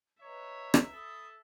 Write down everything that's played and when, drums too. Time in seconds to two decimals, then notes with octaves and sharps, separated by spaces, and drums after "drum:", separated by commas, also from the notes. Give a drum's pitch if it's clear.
0.22 B4 C#5 D#5 E5 A#5
0.74 drum: rim click
0.93 A4 B5 D#6